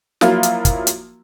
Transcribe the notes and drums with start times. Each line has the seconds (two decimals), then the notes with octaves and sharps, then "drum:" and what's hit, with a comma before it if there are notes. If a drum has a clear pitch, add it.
0.21 F3 F#3 A#3 E4 F4, drum: snare
0.43 drum: hi-hat
0.65 drum: kick, hi-hat
0.87 drum: hi-hat